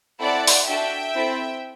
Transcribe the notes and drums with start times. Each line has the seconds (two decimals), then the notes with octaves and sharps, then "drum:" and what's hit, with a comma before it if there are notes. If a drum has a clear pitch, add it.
0.20 C4 E4 A4 D5 F#5
0.47 drum: open hi-hat
0.67 D4 F#4 A4 E5 G5
1.15 C4 E4 A4